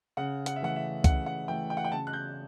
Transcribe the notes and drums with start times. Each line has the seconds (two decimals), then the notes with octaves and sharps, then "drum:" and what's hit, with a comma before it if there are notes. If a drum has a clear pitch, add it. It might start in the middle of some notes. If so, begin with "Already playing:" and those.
0.17 C#3 F#5
0.46 F#5, drum: hi-hat
0.56 E5
0.61 E3 A3 F#5
0.76 E5
1.04 C#3 F#5, drum: kick C2, hi-hat
1.26 F#5
1.48 E3 A3 G5
1.70 G5
1.77 F#5
1.85 G5
1.92 C#3 A5
2.07 F#6
2.13 G6